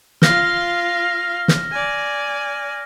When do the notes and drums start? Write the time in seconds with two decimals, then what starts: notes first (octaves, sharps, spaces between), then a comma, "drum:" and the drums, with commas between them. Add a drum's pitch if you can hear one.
0.22 F4 F5 F6 A#6, drum: snare
1.48 drum: snare
1.72 D5 G#5